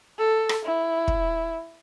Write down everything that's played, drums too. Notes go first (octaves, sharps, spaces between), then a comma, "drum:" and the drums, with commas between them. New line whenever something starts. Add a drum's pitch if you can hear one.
A4
drum: rim click
E4
drum: kick